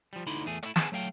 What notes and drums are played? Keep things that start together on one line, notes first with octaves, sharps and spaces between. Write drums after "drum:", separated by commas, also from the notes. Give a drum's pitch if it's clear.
F3 G3
D2 D3 D#4 E4 B5 C6
E2 A3 G#4
A3 E4, drum: hi-hat
B3 G#4 A5, drum: snare
F#3 A3 F5 G5